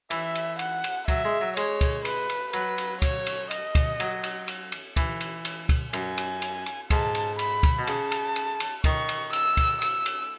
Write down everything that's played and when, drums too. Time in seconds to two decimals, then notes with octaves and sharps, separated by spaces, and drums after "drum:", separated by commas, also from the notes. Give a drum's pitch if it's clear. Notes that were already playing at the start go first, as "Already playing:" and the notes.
0.10 E3 E5, drum: cymbal
0.35 drum: cymbal
0.59 F#5, drum: cymbal
0.84 drum: cymbal
1.08 F#3 E5, drum: kick, cymbal
1.25 G#3
1.41 F#3
1.57 G#3 C#5, drum: cymbal
1.81 drum: kick, cymbal
2.05 B4, drum: cymbal
2.29 drum: cymbal
2.53 F#3 B4, drum: cymbal
2.78 drum: cymbal
3.02 C#5, drum: kick, cymbal
3.26 drum: cymbal
3.51 D#5, drum: cymbal
3.75 drum: kick, cymbal
4.00 F#3, drum: cymbal
4.23 drum: cymbal
4.48 drum: cymbal
4.72 drum: cymbal
4.96 E3, drum: kick, cymbal
5.21 drum: cymbal
5.45 drum: cymbal
5.69 drum: kick, cymbal
5.93 F#2 G#5, drum: cymbal
6.18 drum: cymbal
6.42 drum: cymbal
6.66 drum: cymbal
6.90 G#2 A5, drum: kick, cymbal
7.15 drum: cymbal
7.39 B5, drum: cymbal
7.63 drum: kick, cymbal
7.79 B2
7.87 C#3 A5, drum: cymbal
8.12 drum: cymbal
8.36 drum: cymbal
8.60 drum: cymbal
8.84 D#3 C#6, drum: kick, cymbal
9.09 drum: cymbal
9.33 E6, drum: cymbal
9.57 drum: kick, cymbal
9.82 E6, drum: cymbal
10.06 drum: cymbal